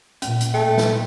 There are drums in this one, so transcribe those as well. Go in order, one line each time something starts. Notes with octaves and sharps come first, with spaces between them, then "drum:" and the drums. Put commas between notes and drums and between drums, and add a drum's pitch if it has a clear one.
A#2 C#4, drum: hi-hat
drum: hi-hat
A3 G5
drum: snare